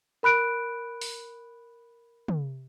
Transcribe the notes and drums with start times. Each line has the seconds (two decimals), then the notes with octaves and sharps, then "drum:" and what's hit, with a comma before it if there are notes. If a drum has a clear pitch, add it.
0.23 A#4 B5 F#6 D7
1.01 drum: open hi-hat
2.28 drum: tom